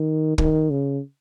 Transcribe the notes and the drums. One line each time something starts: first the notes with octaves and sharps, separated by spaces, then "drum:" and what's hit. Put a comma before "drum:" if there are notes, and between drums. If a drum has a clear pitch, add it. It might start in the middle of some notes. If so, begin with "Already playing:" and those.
Already playing: D#3
D#3, drum: kick
C#3